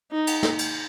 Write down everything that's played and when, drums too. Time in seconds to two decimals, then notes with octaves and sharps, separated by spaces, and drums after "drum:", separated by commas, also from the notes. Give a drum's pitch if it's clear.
0.12 D#4
0.27 drum: cymbal
0.43 drum: snare
0.59 drum: cymbal